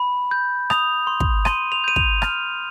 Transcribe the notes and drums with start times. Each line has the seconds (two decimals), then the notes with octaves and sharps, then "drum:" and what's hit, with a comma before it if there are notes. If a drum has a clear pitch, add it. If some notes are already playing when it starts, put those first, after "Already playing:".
Already playing: B5
0.31 G6
0.70 D#6 F7, drum: rim click
1.07 C6
1.20 drum: kick
1.45 C6 D#7, drum: rim click
1.72 F7
1.84 G6 D#7
1.96 F7, drum: kick
2.22 F6, drum: rim click